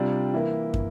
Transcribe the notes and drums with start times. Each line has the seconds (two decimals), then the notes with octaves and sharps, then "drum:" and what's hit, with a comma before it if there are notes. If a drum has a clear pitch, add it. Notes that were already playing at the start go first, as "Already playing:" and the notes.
Already playing: C3 G3 D4 F4
0.34 E3 A#3 E4
0.74 drum: kick